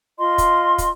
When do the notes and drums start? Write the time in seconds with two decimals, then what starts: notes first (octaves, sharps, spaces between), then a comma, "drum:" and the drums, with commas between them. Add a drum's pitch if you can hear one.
0.18 F4 D#5 C6
0.38 drum: kick, hi-hat
0.78 drum: kick, hi-hat